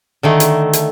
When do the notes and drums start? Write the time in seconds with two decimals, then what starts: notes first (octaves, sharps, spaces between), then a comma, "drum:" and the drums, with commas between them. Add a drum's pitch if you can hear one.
0.23 D3 D#3 A3
0.40 drum: hi-hat
0.73 drum: hi-hat